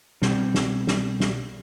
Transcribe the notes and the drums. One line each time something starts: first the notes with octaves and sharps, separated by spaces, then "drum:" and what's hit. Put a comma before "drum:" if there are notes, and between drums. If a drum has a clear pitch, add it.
B2 G3 C4, drum: snare
drum: snare
drum: snare
drum: snare